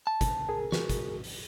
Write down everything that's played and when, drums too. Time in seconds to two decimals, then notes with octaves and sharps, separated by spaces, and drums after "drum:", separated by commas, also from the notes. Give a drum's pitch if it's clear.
0.07 A5
0.21 drum: kick, hi-hat
0.49 G#4 A#4
0.72 C#2 F#4, drum: snare
0.89 drum: kick, hi-hat
1.24 drum: open hi-hat